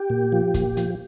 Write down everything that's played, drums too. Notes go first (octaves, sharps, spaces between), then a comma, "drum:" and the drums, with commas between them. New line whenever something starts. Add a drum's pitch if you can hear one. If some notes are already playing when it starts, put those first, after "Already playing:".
Already playing: G4
A#2
F3
A#2, drum: kick, hi-hat
F3, drum: hi-hat